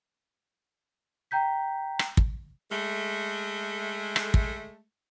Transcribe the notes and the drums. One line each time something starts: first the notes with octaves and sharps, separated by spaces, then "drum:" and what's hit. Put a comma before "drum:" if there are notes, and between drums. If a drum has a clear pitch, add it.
G5 A#5 G6 B6
drum: rim click
drum: kick
G#3 A3
drum: rim click
drum: kick